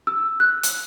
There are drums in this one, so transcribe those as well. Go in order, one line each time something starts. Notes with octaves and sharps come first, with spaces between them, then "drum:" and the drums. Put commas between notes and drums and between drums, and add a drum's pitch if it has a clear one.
E6
F#6
drum: hi-hat